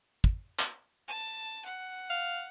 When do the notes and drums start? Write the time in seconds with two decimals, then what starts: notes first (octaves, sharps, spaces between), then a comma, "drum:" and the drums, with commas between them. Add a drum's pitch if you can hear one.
0.24 drum: kick
0.59 drum: clap
1.08 A5
1.65 F#5
2.10 F5